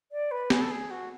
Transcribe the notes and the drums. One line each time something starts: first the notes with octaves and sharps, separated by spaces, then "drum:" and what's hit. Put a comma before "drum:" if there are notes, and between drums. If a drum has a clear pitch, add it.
D5
B4
G#4, drum: snare
A4
G#4
F#4